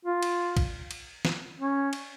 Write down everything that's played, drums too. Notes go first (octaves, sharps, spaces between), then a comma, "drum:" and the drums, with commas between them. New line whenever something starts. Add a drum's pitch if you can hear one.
F4
drum: cymbal
drum: kick, cymbal
drum: cymbal
drum: snare
C#4
drum: cymbal